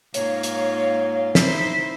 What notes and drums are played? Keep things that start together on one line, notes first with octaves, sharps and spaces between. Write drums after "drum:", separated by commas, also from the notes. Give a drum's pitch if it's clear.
G#2 A#3 F4 C#5, drum: hi-hat
drum: hi-hat
D#4 E4 C5 B6, drum: snare